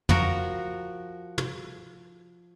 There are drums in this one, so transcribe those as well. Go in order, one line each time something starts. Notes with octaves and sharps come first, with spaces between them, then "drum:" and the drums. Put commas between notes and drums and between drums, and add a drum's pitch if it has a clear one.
F3 F#4 A#4, drum: tom
drum: tom